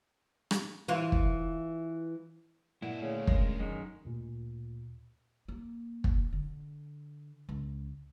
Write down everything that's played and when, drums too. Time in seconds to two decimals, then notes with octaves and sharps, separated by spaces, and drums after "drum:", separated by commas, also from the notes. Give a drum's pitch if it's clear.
0.51 drum: rim click
0.88 E3 F4
1.12 drum: kick
2.82 A#2 E4 F#4 D#5 F#5
3.02 C#3 A3 F#4
3.27 G#3 C#4 D4 A#4, drum: kick
3.59 F#2 D#3 G#3
4.05 D2 A#2
5.48 A#3
6.04 drum: kick
6.33 D3
7.49 C#2